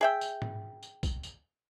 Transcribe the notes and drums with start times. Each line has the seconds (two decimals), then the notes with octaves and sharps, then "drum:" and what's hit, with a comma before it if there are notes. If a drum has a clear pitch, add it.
0.01 G#4 E5 G5
0.21 drum: tambourine
0.42 drum: tom G#2
0.83 drum: tambourine
1.03 drum: kick, tambourine
1.23 drum: tambourine